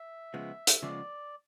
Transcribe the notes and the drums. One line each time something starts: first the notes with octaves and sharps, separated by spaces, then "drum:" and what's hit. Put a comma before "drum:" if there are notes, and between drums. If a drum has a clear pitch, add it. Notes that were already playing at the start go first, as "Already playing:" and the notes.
Already playing: E5
C#3 F3 G#3 B3
drum: hi-hat
C#3 F3 G#3 B3 D5